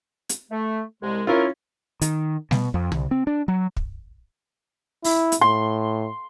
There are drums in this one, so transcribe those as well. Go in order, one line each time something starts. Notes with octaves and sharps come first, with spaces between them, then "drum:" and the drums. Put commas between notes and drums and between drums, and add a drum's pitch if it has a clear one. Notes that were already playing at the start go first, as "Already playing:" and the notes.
drum: hi-hat
A3
C2 G#3
C#4 E4 F4 A#4
D#3, drum: hi-hat
B2, drum: snare
F2
C2, drum: tom
C4
D4
F#3
drum: kick
E4, drum: open hi-hat
drum: hi-hat
A2 C6